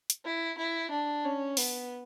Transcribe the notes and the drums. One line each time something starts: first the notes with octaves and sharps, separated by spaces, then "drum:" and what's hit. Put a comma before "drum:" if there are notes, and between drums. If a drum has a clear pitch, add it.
drum: hi-hat
E4
E4
D4
C#4
B3, drum: open hi-hat